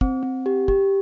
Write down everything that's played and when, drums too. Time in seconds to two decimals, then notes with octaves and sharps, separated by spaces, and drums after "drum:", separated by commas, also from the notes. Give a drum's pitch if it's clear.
0.01 C4, drum: kick
0.23 C4
0.46 G4
0.68 G4, drum: kick